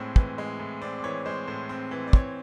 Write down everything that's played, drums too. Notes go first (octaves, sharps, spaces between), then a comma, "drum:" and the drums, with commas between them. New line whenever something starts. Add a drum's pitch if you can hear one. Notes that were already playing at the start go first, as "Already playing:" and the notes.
Already playing: A2 G#3 C4 C#5
E3, drum: kick
G#3
A2
C4 D5
D5
E3 C#5
G#3 C5
A2 C5
C4
E3
D5
C4 C#5, drum: kick